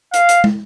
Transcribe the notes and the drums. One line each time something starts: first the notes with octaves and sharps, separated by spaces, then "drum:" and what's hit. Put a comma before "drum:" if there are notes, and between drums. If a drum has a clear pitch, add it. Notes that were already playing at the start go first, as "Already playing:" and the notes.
F5, drum: hi-hat
drum: hi-hat
drum: tom